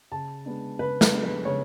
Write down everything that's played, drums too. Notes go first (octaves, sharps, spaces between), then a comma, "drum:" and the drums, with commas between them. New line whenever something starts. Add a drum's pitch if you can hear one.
C#3 A5
G#3 B3 D4
C#3 B4
A4, drum: snare
G#3 B3 D4
B4
C#3 C#5